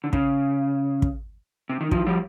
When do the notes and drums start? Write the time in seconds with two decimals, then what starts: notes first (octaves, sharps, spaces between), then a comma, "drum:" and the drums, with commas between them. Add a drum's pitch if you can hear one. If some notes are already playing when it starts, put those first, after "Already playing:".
0.04 D3
0.13 C#3, drum: kick
1.02 drum: kick
1.69 C3
1.81 D#3
1.91 D#3 F3, drum: kick
2.06 F3 G3